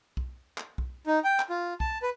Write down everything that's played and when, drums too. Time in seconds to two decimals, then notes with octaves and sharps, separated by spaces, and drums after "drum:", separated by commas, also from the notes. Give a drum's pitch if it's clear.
0.17 drum: kick B1
0.58 drum: clap
0.78 drum: kick B1
1.07 D#4
1.24 G5
1.39 drum: clap
1.50 F4
1.80 A5, drum: kick B1
2.02 B4